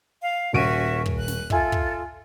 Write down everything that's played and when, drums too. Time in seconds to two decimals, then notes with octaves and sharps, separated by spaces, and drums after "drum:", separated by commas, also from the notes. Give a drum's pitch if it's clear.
0.21 F5
0.53 D#1 C#4 F#4 E5 D7 D#7
1.06 drum: kick
1.18 F#6
1.28 drum: snare
1.50 F4 A4 E5 G#5, drum: kick
1.72 drum: kick